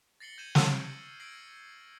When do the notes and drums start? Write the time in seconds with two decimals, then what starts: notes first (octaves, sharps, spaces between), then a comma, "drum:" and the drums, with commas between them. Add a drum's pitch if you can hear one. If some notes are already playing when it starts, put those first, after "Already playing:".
0.20 A6 A#6 C7 C#7 F#7 G7
0.38 G6 G#6 D#7 E7 F#7
0.55 drum: snare
0.65 C#6 E6 F6 C7 D7
1.20 E6 G#6 A#6 C7 D7 F#7